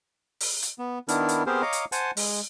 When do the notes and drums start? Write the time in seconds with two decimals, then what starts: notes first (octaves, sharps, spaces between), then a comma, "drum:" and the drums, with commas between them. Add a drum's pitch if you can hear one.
0.40 drum: open hi-hat
0.62 drum: hi-hat
0.79 B3
1.09 D#3 B3 D4 E4 A#4, drum: hi-hat
1.29 drum: hi-hat
1.46 B3 C4 G4 G#4 A#4 C5
1.62 C#5 D#5 F5 A#5 D6
1.73 drum: hi-hat
1.92 C5 F#5 G#5 A5, drum: hi-hat
2.17 G#3, drum: open hi-hat